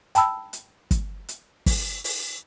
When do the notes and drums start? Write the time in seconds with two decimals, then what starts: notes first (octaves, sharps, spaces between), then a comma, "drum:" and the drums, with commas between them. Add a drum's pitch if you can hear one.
0.15 G5 A5 B5 E6, drum: hi-hat
0.53 drum: hi-hat
0.91 drum: kick, hi-hat
1.29 drum: hi-hat
1.66 drum: kick, open hi-hat
2.04 drum: open hi-hat